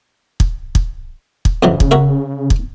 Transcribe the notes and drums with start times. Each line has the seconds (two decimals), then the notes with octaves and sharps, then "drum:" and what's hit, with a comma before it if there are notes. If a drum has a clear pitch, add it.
0.40 drum: kick
0.75 drum: kick
1.45 drum: kick
1.63 F2 C#3 E3 F#3
1.80 drum: kick
1.91 F#4 A#4 E5
2.50 drum: kick